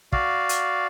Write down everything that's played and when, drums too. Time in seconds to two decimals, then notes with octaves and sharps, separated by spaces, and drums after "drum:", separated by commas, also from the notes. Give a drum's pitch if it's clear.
0.12 F#4 D5 F5, drum: kick
0.49 drum: hi-hat